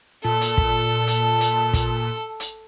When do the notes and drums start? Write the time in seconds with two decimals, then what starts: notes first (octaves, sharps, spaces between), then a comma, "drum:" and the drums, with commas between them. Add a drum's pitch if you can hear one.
0.24 A#2 A4 A5
0.41 drum: hi-hat
0.58 drum: kick
1.07 drum: hi-hat
1.40 drum: hi-hat
1.74 drum: kick, hi-hat
2.40 drum: hi-hat